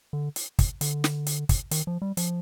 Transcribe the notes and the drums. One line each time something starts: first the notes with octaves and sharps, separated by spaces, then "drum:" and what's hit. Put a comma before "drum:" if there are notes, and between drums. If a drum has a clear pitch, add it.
D3
drum: hi-hat
drum: kick, hi-hat
D3, drum: hi-hat
drum: snare
drum: hi-hat
drum: kick, hi-hat
D#3, drum: hi-hat
F3
G3
F3, drum: hi-hat